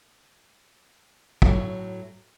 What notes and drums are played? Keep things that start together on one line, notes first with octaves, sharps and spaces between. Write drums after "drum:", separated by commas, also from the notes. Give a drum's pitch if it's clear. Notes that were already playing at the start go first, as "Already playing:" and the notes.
A2 F#3 A3, drum: kick